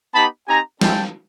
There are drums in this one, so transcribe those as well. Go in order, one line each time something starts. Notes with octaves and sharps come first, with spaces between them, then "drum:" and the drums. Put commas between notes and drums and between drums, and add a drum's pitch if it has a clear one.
B3 D#4 G4 A5 B5
C4 D#4 G4 G#5 A#5
G#3 C#4 E4 G4 G5 A5, drum: snare